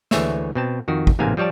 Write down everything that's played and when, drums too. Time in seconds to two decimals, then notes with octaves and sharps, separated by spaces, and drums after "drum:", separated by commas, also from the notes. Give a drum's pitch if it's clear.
0.11 D2 E3 A3 G#4 C#5 E5, drum: snare
0.55 B2 C4 A5
0.88 F2 D#3 F#4
1.07 drum: kick
1.19 A1 G#2 C3 A#3 F5 G#5
1.37 F3 G3 C#5 D5 A5